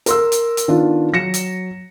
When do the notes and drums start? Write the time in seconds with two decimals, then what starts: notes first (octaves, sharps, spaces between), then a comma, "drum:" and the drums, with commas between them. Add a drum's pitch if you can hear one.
0.06 A#4 C6 E6, drum: hi-hat
0.32 drum: hi-hat
0.57 drum: hi-hat
0.68 D#3 B3 D4 F4
1.13 F#3 A#6 C#7 E7
1.34 drum: hi-hat